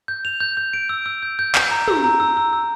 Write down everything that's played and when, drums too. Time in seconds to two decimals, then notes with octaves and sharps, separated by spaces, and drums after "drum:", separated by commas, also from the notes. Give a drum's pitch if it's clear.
0.08 G6
0.25 F7
0.40 G6
0.57 G6
0.73 D7
0.89 E6
1.06 E6
1.23 G6
1.39 G6
1.55 G6, drum: clap
1.71 A#5
1.88 E6, drum: tom
2.04 A#5
2.20 E6
2.37 E6
2.53 E6